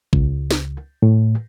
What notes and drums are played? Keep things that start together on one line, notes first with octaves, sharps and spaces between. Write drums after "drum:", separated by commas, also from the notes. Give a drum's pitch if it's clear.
C#2, drum: kick A#1
drum: snare
A2